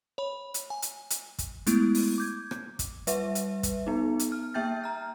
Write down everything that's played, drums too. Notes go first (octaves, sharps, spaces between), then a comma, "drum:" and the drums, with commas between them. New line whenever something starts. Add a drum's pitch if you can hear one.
C#5 B5
drum: hi-hat
G#5
drum: hi-hat
drum: hi-hat
drum: kick, hi-hat
G#3 A3 B3 E4, drum: hi-hat
drum: open hi-hat
D6 G6 G#6
drum: rim click
drum: kick, hi-hat
G3 B4 E5, drum: hi-hat
drum: hi-hat
drum: kick, hi-hat
B3 D#4
drum: hi-hat
F6
A#3 E5 G5 G6 A6
A#5 F6